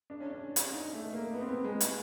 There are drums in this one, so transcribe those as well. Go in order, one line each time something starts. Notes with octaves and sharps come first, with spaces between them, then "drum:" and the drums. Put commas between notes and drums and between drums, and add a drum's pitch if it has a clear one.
D4
C#4
D4
drum: hi-hat
D#4
A3
A#3
B3
C4
B3
G#3
drum: hi-hat